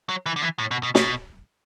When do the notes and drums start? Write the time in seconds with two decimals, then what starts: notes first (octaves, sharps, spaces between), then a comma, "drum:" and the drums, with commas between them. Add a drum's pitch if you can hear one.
0.09 F#3
0.26 E3
0.36 D3
0.42 E3
0.59 A2
0.71 B2
0.83 B2
0.95 B2, drum: snare